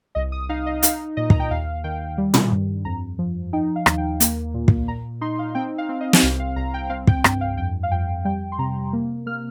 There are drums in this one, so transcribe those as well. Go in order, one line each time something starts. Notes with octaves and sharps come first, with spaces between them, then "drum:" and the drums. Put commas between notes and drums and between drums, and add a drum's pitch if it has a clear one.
C2 D#5
D#6
D#4 F5
D#5
D#4 F5, drum: hi-hat
A#2 D#5
A#5, drum: kick
G5
D#2 F5
D#3 G5
G3
drum: tom
G2
F2 A#5
F3
D#4 G5
F5
D#2, drum: rim click
G5
A#3, drum: hi-hat
A#2
drum: kick
A#2 A#5
D#4 C6
F5
C4 G5
F5
C4
D#5
drum: snare
C2 F5
F5
C2 A#5
G5
C4 F5
G5, drum: kick
G2, drum: rim click
F5
F2 G5
F5
F2 G5
G3 G5
C6
C3 A#5
A#3
A#3 F6